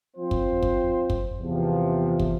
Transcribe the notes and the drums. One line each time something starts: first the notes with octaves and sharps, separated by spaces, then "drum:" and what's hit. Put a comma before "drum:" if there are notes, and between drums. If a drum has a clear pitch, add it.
F3 C4 F4 C5
drum: kick
drum: kick
drum: kick
E2 C3 F3
drum: kick